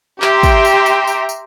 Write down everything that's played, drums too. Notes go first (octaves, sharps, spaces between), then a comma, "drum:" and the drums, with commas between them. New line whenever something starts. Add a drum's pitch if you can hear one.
G4 E5 G5 A#5 C6, drum: clap
drum: kick, tambourine
drum: tambourine
drum: tambourine
drum: tambourine
drum: tambourine